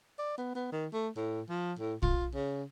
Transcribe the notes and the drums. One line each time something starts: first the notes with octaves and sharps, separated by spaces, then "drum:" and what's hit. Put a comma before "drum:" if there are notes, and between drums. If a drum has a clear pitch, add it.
D5
B3
B3
D#3
A3
A2
F3
A2
F4, drum: kick
C#3